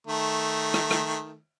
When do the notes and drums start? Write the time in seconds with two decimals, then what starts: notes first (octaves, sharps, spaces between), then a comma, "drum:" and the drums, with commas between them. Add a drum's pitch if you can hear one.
0.07 D#3 A3
0.74 drum: rim click
0.91 drum: rim click